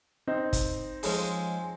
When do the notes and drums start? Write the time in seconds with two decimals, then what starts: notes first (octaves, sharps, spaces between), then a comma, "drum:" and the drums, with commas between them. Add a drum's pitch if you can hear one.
0.27 C4 D#4
0.53 drum: kick, hi-hat
1.03 F3 G#3 C#4 G#4, drum: open hi-hat